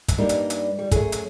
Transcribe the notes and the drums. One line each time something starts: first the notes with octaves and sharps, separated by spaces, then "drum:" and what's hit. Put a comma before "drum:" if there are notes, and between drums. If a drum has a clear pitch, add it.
drum: kick, hi-hat
G2 G3 A#3 D4 D#4
drum: hi-hat
drum: hi-hat
G3
F#2 A3 G#4, drum: kick, hi-hat
drum: hi-hat